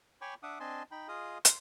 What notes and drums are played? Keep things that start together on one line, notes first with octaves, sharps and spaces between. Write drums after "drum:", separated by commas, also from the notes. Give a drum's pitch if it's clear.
C#5 G5 G#5 B5 C#6 D6
D4 E5 F#5 D6 D#6
C4 D4 D#5 G#5 A5 C6
D#4 G5 B5
F4 G#4 D#5 F5 D#6
C6, drum: hi-hat